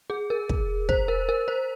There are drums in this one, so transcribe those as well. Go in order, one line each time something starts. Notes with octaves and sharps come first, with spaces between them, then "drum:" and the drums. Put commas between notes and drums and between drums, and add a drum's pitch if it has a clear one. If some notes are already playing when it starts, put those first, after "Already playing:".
G#4
A#4
drum: kick
C5, drum: kick
A#4
A#4
C5